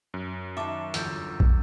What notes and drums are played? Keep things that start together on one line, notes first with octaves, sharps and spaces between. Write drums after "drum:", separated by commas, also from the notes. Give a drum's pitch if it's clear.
F#2
D#3 E5 A5 C#6 D6 E7
G1 E2 F4 E6 G6 A6, drum: hi-hat
drum: kick